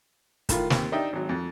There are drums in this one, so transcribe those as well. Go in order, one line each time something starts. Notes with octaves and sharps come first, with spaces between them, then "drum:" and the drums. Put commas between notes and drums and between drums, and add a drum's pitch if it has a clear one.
A2 D#3 F4 B5, drum: kick, hi-hat
D#2 C4, drum: snare
D4 D#4 G4 D#5 E5 G5
G#1 F#3
F2